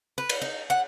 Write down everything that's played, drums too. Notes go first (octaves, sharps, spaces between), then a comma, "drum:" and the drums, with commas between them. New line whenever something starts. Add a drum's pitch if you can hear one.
B4
drum: cymbal
D#4
F#5